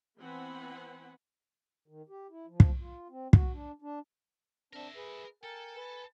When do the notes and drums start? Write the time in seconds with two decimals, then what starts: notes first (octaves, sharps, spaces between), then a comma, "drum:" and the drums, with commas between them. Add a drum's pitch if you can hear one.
0.19 E3 B3 C4 F#5 G#5 B5
1.88 D#3
2.09 G4
2.30 E4
2.47 F3
2.60 drum: kick
2.79 F4
3.10 C4
3.33 F#4, drum: kick
3.53 D4
3.82 D4
4.73 C4 D4 A#4 E5
4.96 G#4 B4
5.43 A4 A#4 G5 G#5
5.76 B4 G#5